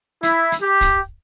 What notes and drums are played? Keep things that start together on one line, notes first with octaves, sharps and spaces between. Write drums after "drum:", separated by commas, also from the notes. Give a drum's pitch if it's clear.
E4, drum: hi-hat
drum: hi-hat
G4
drum: kick, hi-hat